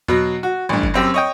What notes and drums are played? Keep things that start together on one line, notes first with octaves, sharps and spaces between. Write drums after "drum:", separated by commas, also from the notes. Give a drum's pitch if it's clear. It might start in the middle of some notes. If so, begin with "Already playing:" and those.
B2 F#3, drum: tom E2
F#4
A1 G2
drum: kick
F#2 C4 G4 E6
C#5 D#5 G5